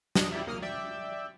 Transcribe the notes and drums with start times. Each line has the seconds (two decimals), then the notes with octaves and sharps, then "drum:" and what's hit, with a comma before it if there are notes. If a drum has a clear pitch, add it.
0.15 D4 D#5, drum: snare
0.32 E4 G4 D5 E5
0.47 A#3 D#6 F6
0.62 D5 E5 G5